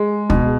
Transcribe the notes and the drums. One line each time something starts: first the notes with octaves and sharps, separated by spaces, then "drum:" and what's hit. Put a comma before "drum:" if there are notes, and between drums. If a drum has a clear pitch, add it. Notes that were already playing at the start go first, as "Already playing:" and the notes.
Already playing: G#3
B2, drum: kick